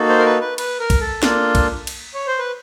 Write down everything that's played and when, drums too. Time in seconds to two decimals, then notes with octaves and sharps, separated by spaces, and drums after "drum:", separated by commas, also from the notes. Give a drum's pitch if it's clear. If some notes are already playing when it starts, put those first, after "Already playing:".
Already playing: A#3 D#4 F#4 A4
0.09 C5
0.19 A#4
0.26 B4
0.41 B4
0.58 B4, drum: cymbal
0.80 A#4
0.90 drum: kick, cymbal
1.01 A4
1.23 A#3 D4 F4 A4, drum: snare
1.55 drum: kick, cymbal
1.87 drum: cymbal
2.14 C#5
2.27 C5
2.39 B4